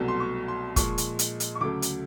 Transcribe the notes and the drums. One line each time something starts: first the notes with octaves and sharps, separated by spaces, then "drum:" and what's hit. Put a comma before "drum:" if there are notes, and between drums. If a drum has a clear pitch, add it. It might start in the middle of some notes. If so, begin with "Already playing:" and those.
Already playing: C2 B2 F#3 A3
C6
C#6
C6
A#2 F3 G#3 C#6, drum: kick, hi-hat
drum: hi-hat
drum: hi-hat
drum: hi-hat
C#6
D2 C#3 F#3 A3 D6
drum: hi-hat